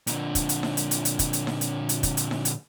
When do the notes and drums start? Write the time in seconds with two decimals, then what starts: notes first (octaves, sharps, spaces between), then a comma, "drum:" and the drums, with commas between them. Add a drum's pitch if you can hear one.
0.07 A#2 D3, drum: hi-hat
0.35 drum: kick, hi-hat
0.49 drum: hi-hat
0.63 drum: snare D#4
0.77 drum: hi-hat
0.91 drum: hi-hat
1.05 drum: hi-hat
1.19 drum: kick, hi-hat
1.33 drum: hi-hat
1.47 drum: snare D#4
1.61 drum: hi-hat
1.89 drum: hi-hat
2.03 drum: kick, hi-hat
2.17 drum: hi-hat
2.31 drum: snare D#4
2.45 drum: hi-hat